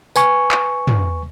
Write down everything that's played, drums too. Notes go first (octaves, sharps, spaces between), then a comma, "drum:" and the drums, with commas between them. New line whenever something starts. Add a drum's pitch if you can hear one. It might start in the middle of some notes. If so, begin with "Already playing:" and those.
B4 G#5 C#6, drum: tambourine
drum: clap
drum: tom